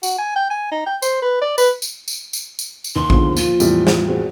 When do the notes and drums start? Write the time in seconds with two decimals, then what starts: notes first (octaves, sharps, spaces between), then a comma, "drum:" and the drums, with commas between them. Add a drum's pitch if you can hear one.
0.03 F#4, drum: tambourine
0.18 G#5
0.36 G5
0.50 G#5
0.72 D#4
0.87 G5
1.02 C5, drum: tambourine
1.22 B4
1.41 D5
1.58 B4, drum: tambourine
1.82 drum: tambourine
2.08 drum: tambourine
2.33 drum: tambourine
2.59 drum: tambourine
2.84 drum: tambourine
2.96 D#2 C6
3.10 E1 A#1 D3 F3, drum: kick A#1
3.37 A#2 F4, drum: tambourine
3.60 E2 A2 G3, drum: tambourine
3.87 drum: snare
4.08 C4 F#4 G#4